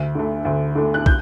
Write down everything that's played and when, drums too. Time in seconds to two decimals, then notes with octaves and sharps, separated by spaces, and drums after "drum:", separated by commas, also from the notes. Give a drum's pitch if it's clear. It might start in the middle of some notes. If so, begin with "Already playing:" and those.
Already playing: D2
0.15 D3 A3
0.45 D2
0.75 D3 A3
0.94 F#6
1.06 G6, drum: kick